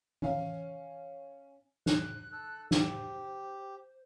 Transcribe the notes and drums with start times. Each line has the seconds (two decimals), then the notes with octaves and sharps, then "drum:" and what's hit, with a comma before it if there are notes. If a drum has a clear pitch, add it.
0.22 C#4 F5, drum: tom E3
1.86 F#6, drum: snare
2.32 A4
2.71 G4 C5, drum: snare